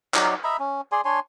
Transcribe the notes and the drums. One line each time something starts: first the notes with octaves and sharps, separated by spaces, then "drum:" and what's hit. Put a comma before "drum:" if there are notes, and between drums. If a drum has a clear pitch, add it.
F#3 D#4 D5, drum: clap
D#5 E5 A#5 B5
C#4
G#4 D5 G#5 C6
D4 C#5 G#5 C6